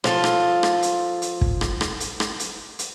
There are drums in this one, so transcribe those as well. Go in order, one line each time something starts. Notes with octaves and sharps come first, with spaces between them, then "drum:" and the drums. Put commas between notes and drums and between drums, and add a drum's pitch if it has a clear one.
F3 F4 A4, drum: rim click
drum: rim click
drum: rim click
drum: hi-hat
drum: hi-hat
drum: kick
drum: rim click
drum: rim click
drum: hi-hat
drum: rim click
drum: hi-hat
drum: hi-hat